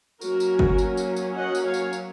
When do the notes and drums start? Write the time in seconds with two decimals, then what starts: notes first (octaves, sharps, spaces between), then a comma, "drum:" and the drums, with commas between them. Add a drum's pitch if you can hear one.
0.21 F#3 A#3 C#4 F#4 A#4, drum: tambourine
0.40 drum: tambourine
0.59 drum: kick G1
0.78 drum: tambourine
0.97 drum: tambourine
1.16 drum: tambourine
1.35 D#5 F#5
1.55 drum: tambourine
1.64 C#5 F5
1.74 drum: tambourine
1.93 drum: tambourine